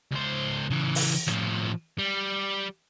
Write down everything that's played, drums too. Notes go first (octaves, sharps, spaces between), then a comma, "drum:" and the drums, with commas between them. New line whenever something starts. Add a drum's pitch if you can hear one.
C#2 C5
C#3 E3
drum: open hi-hat
A2 F3, drum: rim click
G3